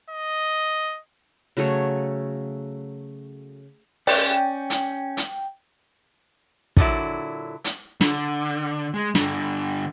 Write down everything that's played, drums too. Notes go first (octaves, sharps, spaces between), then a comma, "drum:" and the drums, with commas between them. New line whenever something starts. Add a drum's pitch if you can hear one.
D#5
C#3 F#3 A3 C#5
C#4 D5 G5, drum: open hi-hat
drum: hi-hat
drum: hi-hat
A#2 D3 F#3 E4, drum: kick
drum: hi-hat
D3, drum: snare
G#3
G2 D3, drum: snare